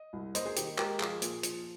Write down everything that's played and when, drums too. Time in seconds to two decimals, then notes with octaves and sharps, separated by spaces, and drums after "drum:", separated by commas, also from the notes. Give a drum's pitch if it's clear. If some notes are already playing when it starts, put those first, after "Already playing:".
Already playing: D#5
0.13 C2
0.35 A#3 C5 D#5, drum: hi-hat
0.46 G#4 C5
0.56 D#3 G4, drum: hi-hat
0.78 G#3 G4 A#4, drum: clap
1.00 F3 F4 G#4, drum: clap
1.22 A#2, drum: hi-hat
1.43 F3, drum: hi-hat